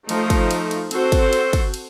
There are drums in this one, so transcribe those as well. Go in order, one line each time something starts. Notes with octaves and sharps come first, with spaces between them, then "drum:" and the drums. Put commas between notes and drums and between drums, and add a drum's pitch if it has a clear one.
F3 A3 D#4, drum: cymbal
drum: kick, cymbal
drum: cymbal
drum: cymbal
C4 F#4 A4 C5, drum: cymbal
drum: kick, cymbal
drum: cymbal
drum: kick, cymbal
drum: cymbal